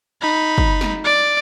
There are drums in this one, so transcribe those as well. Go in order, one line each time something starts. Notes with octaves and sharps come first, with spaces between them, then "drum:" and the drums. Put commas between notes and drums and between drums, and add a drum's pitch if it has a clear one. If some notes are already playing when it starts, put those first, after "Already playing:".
D#4 B5
drum: kick
drum: snare
D5 D7